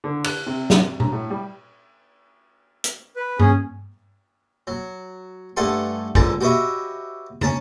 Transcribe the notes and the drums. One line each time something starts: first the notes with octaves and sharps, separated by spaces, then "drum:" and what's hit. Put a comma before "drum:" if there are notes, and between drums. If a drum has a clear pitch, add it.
D3
F#6, drum: cymbal
C3
drum: snare
A#5, drum: tom A#2
A2
G3
drum: hi-hat
B4
C#4 G#4, drum: tom G2
F#3
G2 A3 A4 F#5 G#5 C6
C#2 G#2 D3 A5 A#5, drum: kick
F#4 G4 B4 C#5 D#5 E5
C#4 C#5 A5 A#5, drum: tom